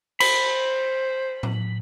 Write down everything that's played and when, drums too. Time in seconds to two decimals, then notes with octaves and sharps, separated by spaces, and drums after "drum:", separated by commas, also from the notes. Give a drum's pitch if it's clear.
0.20 C5 B5, drum: cymbal
1.43 drum: tom A2